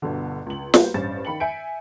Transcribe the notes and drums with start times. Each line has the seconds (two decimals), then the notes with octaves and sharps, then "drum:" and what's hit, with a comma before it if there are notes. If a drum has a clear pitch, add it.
0.02 G1 B2 D3
0.46 C#2 F#7
0.74 G3 A#3 B3 F#4 C5, drum: snare
0.94 A1 G2 C#4 C5 A6 E7
1.25 D#3 B5 C#7 F#7
1.40 E5 G#5 G6 B6 C#7 D7